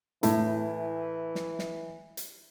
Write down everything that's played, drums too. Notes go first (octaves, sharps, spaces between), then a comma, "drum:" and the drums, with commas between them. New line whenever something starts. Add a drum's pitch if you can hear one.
A2 E3, drum: hi-hat
drum: snare
drum: snare
drum: hi-hat